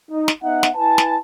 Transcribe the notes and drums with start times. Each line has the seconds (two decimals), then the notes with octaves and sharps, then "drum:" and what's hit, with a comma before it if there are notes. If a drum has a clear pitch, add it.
0.10 D#4
0.28 drum: snare
0.42 B3 D#4 E5 F#5
0.63 drum: snare
0.76 E4 B4 G#5 A5
0.98 drum: snare